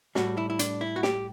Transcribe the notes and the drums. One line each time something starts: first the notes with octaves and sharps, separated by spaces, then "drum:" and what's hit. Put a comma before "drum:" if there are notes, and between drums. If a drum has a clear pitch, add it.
A2 G3 F#4, drum: snare
E4
E4
D4, drum: hi-hat
E4
F#4
G4, drum: snare